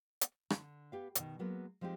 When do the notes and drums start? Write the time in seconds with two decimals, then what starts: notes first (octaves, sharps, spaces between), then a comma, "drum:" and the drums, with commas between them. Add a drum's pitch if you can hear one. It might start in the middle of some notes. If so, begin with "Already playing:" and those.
0.21 drum: hi-hat
0.50 D3, drum: rim click
0.92 B3 G4 F5
1.15 B2 D#3, drum: hi-hat
1.39 F#3 G#3 A#3 B3
1.81 F3 G#3 C4 D#4 G4